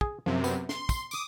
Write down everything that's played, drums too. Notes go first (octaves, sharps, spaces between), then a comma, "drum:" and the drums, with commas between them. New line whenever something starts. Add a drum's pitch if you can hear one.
G#4, drum: kick
F#2 C3 F3
B3, drum: tambourine
C6, drum: snare
drum: kick, tambourine
D6 D#6, drum: tambourine